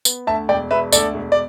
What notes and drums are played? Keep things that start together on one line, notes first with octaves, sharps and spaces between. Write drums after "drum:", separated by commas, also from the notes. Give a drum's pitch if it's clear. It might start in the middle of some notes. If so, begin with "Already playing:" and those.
B3, drum: tambourine
D2 E5 A5
E1 D5 G5
E1 B4 E5
D2 A4 D5, drum: tambourine
E1
D5